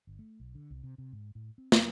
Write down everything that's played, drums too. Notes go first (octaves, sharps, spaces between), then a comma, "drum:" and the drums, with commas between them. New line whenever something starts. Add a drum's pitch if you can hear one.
G1
A3
B1
D3
C2
C3
C3
G#2
A2
C4
F#3, drum: snare